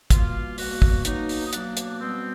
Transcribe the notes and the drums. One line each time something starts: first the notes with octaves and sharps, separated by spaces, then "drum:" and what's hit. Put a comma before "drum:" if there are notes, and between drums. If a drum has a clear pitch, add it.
B2 G3 A#3 F4, drum: kick, hi-hat
B2 G3 A#3 F#4, drum: open hi-hat
drum: kick
B2 F#3 A#3 D#4, drum: hi-hat
drum: open hi-hat
D#4
B2 F#3 A#3 D4, drum: hi-hat
drum: hi-hat
B2 G3 B3 C4